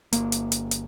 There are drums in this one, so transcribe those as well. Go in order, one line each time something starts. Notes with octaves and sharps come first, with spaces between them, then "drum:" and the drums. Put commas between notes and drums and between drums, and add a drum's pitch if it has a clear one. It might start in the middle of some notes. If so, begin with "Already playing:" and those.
G1 A#3, drum: hi-hat
drum: hi-hat
drum: hi-hat
drum: hi-hat